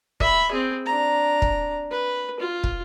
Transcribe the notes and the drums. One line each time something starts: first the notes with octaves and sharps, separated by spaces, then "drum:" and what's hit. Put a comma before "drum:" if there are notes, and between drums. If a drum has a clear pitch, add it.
E5 B5, drum: kick
C4 G#4
D4 A#5
drum: kick
B4
F4
drum: kick